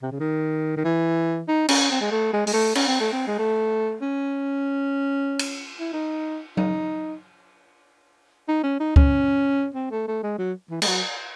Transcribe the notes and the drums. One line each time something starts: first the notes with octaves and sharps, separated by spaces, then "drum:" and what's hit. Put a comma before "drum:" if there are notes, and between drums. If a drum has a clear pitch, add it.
C3
C#3
D#3
D#3
E3
D#4
C#4, drum: cymbal
C4
G#3
A3
G#3
G#3, drum: open hi-hat
A3
C#4, drum: cymbal
C4
A3
C4
G#3
A3
C#4
drum: cymbal
E4
D#4
D#4, drum: tom F#3
D#4
C#4
D#4
C#4, drum: kick C#2
C4
A3
A3
G#3
F#3
E3
G#3, drum: cymbal
F#3